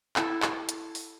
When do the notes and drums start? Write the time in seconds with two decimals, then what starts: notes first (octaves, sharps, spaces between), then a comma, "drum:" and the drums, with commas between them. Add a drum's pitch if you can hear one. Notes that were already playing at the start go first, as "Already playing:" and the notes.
0.16 E4 A4, drum: clap
0.42 drum: clap
0.69 drum: hi-hat
0.95 drum: open hi-hat